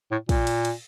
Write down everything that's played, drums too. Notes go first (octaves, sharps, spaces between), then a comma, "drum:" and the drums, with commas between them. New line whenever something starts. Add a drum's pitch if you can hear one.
A2
A#2, drum: kick, cymbal
drum: cymbal
drum: cymbal